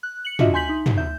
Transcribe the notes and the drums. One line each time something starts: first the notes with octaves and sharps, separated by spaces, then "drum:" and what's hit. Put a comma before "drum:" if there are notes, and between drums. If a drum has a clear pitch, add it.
F#6
C#7 F#7
D4 F4 F#4 D#5 E5, drum: tom
G#5 C6 G6 B6 F#7
D#4
drum: tom
E5 G6